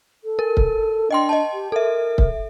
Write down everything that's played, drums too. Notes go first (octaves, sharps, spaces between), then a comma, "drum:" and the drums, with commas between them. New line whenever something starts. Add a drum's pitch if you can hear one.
A4
A#4
drum: kick C#1
D4 D#5 G5 C6
D#5 A5
G4
A4 A#4 E5
drum: kick C#1